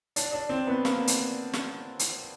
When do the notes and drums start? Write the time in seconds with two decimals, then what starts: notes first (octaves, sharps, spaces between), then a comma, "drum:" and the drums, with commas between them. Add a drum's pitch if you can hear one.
0.16 D4, drum: hi-hat
0.33 D4
0.49 C4
0.67 B3
0.85 A#3, drum: snare
1.07 drum: hi-hat
1.53 drum: snare
1.99 drum: hi-hat